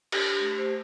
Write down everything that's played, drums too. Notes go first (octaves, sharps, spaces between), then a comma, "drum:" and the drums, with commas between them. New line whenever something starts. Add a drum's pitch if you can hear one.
D4 G4, drum: cymbal
A3 G4
C5